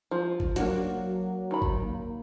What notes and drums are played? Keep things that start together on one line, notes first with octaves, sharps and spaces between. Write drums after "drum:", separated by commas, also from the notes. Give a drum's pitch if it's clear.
F3
drum: kick G1
F#3 A#3 D4 F#4, drum: hi-hat
D#3 B5
drum: kick G1
A#3